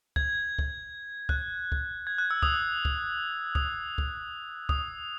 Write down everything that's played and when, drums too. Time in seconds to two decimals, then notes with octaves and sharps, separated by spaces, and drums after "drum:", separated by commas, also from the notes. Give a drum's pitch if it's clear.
0.16 G#6, drum: kick
0.59 drum: kick
1.29 F#6, drum: kick
1.72 drum: kick
2.07 G#6
2.18 F#6
2.30 E6
2.43 D#6, drum: kick
2.85 drum: kick
3.55 D#6, drum: kick
3.98 drum: kick
4.69 D#6, drum: kick